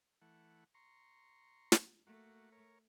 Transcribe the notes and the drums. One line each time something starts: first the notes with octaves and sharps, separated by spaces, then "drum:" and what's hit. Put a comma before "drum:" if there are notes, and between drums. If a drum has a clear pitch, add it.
E3 A3 F#5
A#5 C6 C#6
drum: snare
A3 A#3 F#4
A#4 C#5